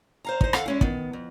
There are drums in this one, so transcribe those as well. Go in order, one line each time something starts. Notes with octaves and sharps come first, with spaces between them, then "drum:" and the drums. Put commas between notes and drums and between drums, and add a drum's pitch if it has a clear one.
C5 F5 A#5
D#4 C5, drum: kick
A4 F5 F#5, drum: rim click
G#3 C#4 E4
D#3 B3, drum: kick
F2